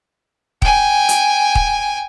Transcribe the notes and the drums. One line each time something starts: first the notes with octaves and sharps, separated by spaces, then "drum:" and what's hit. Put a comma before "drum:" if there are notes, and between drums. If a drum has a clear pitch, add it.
G5 G#5, drum: kick
drum: hi-hat
drum: kick